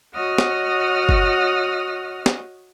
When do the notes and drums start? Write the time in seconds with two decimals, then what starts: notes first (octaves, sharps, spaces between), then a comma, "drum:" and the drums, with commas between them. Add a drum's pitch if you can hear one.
0.15 F#4 C#5 D#5 F#5 D#6 F6
0.38 drum: snare
1.09 drum: kick F#1
2.26 drum: snare